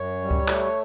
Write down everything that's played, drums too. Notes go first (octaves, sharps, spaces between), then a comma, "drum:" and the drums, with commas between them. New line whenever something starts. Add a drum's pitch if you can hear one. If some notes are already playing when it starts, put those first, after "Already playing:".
Already playing: F#2 C#5
G3
drum: kick C#2
A3, drum: clap